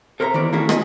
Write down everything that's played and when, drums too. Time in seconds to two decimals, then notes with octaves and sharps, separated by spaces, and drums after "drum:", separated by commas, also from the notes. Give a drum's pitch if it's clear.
0.20 A4 A#4 C5 C#5 E5 A#5
0.34 D#3 E3 B3 D5
0.52 A#3 C#4 E4 F#4 G#4 A4
0.69 D#5 F#5 G#5, drum: rim click